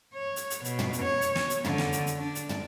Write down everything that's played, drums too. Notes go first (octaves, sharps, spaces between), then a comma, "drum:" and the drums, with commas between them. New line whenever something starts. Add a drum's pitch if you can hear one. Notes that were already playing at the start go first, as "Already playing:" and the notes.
C#5
drum: hi-hat
drum: hi-hat
B2, drum: hi-hat
drum: tom
drum: hi-hat
C#5
drum: hi-hat
drum: snare
drum: hi-hat
D3, drum: tom
drum: snare
drum: hi-hat
drum: hi-hat
D4
drum: hi-hat
drum: tom